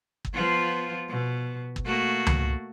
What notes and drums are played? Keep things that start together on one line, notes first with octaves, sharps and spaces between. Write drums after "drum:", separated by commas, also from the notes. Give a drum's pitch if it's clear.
drum: kick
F3 B3 F4
B2
drum: kick
A3 A#3 F#4
drum: tom C#2